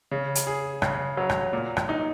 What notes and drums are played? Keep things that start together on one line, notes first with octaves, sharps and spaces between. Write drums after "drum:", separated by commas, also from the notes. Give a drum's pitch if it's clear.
C#3
drum: hi-hat
G#4
C#3, drum: rim click
F#3
drum: rim click
A#2
drum: rim click
D#4